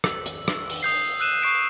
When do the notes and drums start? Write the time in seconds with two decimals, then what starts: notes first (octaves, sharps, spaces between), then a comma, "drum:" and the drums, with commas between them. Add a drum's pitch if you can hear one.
0.04 E6, drum: rim click
0.26 drum: hi-hat
0.48 drum: rim click
0.70 drum: open hi-hat
0.83 D#6 G6 C7
1.20 E6 F#6 D#7 E7
1.41 C#6 C7 D7 E7